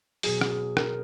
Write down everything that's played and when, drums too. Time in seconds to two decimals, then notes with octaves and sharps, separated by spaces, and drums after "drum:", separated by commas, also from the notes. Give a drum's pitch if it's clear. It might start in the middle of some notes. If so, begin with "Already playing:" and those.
0.23 B2 F#3 G#4, drum: open hi-hat
0.41 drum: rim click
0.50 G#4
0.77 A#4, drum: rim click